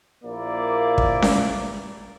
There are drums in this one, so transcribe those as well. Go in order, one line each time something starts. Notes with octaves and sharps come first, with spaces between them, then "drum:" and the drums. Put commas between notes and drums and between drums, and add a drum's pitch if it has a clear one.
A#1 A#3 E4 D5
drum: kick
drum: snare C#4